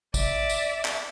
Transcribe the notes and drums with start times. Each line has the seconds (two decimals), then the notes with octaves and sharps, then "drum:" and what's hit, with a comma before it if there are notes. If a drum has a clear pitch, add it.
0.14 D5 E5, drum: kick, tambourine
0.50 drum: tambourine
0.85 drum: clap